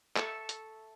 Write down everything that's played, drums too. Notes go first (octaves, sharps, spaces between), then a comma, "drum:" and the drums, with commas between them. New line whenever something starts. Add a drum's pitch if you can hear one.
A4 E5 A5 C#6, drum: clap
drum: hi-hat